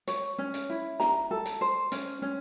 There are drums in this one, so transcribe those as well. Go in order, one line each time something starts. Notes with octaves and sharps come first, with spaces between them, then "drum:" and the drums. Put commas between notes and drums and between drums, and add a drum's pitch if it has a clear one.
C#5, drum: hi-hat
C#4
drum: hi-hat
E4
A#5, drum: snare
A4
drum: hi-hat
C5
C#4, drum: hi-hat
C#4